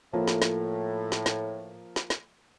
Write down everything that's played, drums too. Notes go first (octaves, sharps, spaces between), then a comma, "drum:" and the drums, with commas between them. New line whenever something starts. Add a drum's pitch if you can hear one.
A2 F3 A#3
drum: snare
drum: snare
drum: snare
drum: snare
drum: snare
drum: snare